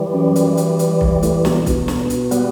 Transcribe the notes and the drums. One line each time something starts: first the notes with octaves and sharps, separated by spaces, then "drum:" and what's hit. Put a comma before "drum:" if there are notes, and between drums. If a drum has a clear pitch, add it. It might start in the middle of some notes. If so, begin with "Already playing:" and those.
Already playing: E3 G3
F#2
drum: hi-hat
drum: hi-hat
drum: hi-hat
drum: kick B1
A2, drum: hi-hat
B2, drum: snare
B2, drum: kick B1, hi-hat
drum: snare
drum: hi-hat
G3 B3, drum: hi-hat